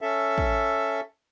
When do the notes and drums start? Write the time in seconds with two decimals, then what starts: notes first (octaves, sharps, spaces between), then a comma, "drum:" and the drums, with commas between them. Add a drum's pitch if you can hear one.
0.01 C#4 A4 E5
0.38 drum: kick